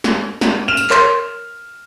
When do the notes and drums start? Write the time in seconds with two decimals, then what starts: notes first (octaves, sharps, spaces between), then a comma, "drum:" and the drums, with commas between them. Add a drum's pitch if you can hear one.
0.04 drum: snare
0.41 drum: snare
0.68 F6 E7 F7
0.77 drum: tambourine
0.90 A#4 C#5 C6, drum: clap